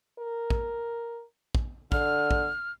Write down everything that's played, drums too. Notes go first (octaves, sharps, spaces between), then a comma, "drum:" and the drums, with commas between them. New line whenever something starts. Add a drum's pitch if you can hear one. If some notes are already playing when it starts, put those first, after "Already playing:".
A#4
drum: kick
drum: kick
D3 F6, drum: kick
drum: kick